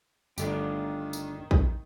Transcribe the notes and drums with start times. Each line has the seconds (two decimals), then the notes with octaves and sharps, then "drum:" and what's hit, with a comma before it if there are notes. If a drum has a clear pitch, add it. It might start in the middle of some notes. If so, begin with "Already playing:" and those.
0.38 G1 D#3 A3 D4 F4 G4 D#5, drum: tambourine
1.13 drum: tambourine
1.51 drum: kick